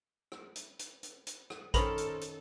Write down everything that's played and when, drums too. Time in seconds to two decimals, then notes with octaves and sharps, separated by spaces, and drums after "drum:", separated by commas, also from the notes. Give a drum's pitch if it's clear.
0.32 drum: rim click
0.55 drum: hi-hat
0.79 drum: hi-hat
1.03 drum: hi-hat
1.27 drum: hi-hat
1.50 drum: rim click
1.74 D#3 C#4 A4 A#4 C5 D#5 B5 F7, drum: kick A1, hi-hat
1.98 drum: hi-hat
2.21 drum: hi-hat